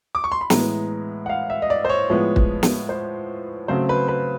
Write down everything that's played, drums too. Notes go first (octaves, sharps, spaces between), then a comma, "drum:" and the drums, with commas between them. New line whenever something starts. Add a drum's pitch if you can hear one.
D6
C#6
C6
B5
A2 E3 G#3 B3 A#5, drum: snare
F#5
F5
E5
D#5
D5
C5
C#5
A2 F3 G#3 B3
drum: kick
drum: snare
C5
C#3 F#3 A3 C4 C5
B4
B4